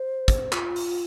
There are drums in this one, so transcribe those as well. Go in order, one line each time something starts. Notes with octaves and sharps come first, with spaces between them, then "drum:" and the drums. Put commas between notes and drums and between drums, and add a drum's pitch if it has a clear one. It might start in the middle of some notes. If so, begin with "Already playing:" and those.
Already playing: C5
drum: kick, hi-hat
F4, drum: clap
drum: open hi-hat